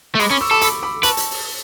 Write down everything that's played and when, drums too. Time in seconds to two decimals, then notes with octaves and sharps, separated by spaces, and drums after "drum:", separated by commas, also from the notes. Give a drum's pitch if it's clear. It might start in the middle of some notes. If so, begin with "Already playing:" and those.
0.15 A3
0.19 G#3 B5 D6, drum: open hi-hat
0.30 C#4 B5 D6
0.41 C#6 E6
0.51 A4 B5 D6
0.61 B5 D6, drum: hi-hat
0.83 B5 D6
1.03 B4 A5 C#6, drum: hi-hat
1.17 drum: hi-hat
1.31 drum: open hi-hat